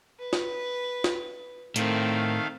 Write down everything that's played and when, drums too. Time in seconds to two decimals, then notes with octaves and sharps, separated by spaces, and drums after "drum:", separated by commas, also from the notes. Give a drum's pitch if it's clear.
0.19 B4
0.33 drum: snare
1.04 drum: snare
1.76 A2 D#3 A3 C4 A#4 F5, drum: hi-hat